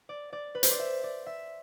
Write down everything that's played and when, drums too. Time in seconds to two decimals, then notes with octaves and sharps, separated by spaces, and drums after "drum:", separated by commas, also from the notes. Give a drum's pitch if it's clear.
0.09 D5
0.33 D5
0.55 B4
0.63 C5, drum: hi-hat
0.71 D5
0.79 E5
1.04 D5
1.26 E5